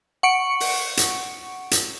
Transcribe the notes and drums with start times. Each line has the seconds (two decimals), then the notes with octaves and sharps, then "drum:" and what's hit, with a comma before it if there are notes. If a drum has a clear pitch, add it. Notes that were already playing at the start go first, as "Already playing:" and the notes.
0.23 F#5 C#6 C#7 D7
0.60 drum: open hi-hat
0.97 drum: hi-hat
1.71 drum: hi-hat